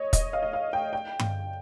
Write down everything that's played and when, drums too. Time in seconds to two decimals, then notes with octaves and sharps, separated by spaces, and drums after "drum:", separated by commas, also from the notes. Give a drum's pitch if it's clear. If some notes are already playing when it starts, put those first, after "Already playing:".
Already playing: C#5 D#5
0.13 D#5, drum: kick, hi-hat
0.33 F5
0.42 D#5
0.53 F5
0.73 G5
0.93 G5
1.19 drum: tom G2